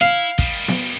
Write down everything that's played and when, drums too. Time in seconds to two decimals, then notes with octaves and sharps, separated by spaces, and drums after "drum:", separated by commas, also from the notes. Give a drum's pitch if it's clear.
0.01 E4 F5
0.39 D#3 G3, drum: kick
0.68 drum: snare B3